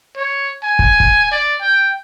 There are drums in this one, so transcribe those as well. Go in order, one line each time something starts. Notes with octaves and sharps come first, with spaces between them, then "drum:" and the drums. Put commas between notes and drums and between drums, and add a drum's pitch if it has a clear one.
C#5
G#5
drum: kick
drum: kick
D5
G5